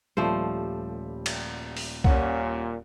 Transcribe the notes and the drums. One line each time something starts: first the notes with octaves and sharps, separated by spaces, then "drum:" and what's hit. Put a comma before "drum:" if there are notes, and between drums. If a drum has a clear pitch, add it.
D#1 D#2 F3 G3 A3 C5
drum: cymbal
drum: open hi-hat
D#1 A#2 C#4 F#5, drum: kick C2